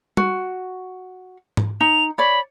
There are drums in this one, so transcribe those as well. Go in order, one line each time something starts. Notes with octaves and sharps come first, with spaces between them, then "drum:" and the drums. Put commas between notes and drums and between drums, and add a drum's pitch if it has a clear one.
F#4, drum: tom
drum: tom G#2
D#4 F7
C#5 D5 B5